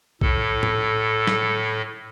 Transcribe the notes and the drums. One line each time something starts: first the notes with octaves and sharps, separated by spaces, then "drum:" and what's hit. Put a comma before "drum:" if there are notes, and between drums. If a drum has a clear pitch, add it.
A2 A4, drum: kick
drum: tom
drum: snare